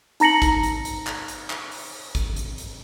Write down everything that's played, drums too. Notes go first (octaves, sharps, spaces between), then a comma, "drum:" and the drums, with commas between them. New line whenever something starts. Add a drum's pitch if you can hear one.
D#4 A#5 A#6 C#7 F#7, drum: hi-hat
drum: kick G#1, hi-hat
drum: hi-hat
drum: hi-hat
drum: clap
drum: hi-hat
drum: clap
drum: open hi-hat
drum: kick G#1, hi-hat
drum: hi-hat
drum: hi-hat